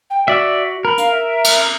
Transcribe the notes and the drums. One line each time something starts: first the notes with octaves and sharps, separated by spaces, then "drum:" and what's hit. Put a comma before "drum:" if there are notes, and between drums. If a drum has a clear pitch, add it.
G5
F#4 D5 E5
A#4 B5
F5, drum: hi-hat
E5
drum: cymbal